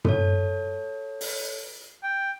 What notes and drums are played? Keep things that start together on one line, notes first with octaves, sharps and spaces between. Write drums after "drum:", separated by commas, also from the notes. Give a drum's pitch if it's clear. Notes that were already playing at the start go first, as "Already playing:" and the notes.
A4 C#5, drum: tom
drum: open hi-hat
G5